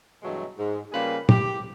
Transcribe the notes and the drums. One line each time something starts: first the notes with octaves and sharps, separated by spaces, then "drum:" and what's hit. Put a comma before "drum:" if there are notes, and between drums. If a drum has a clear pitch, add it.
G2 B2 E3 F#3 G#3 A3
G#2
C#3 G3 A#3 F4 G#4 B4
G4, drum: tom